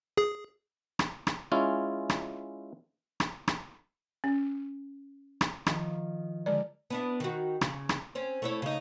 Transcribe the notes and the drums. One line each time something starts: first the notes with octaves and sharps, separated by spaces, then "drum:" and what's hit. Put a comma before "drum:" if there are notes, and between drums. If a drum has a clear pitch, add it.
G#4
drum: rim click
drum: rim click
G#3 C#4 E4 F4
drum: rim click
drum: rim click
drum: rim click
C#4
drum: rim click
D#3 F3, drum: rim click
D3 G#3 A#4 D5
B3 D4 E4
D#3 F#4
C#3, drum: rim click
drum: rim click
C4 C#4
A3 E4 C#5
C#3 D#4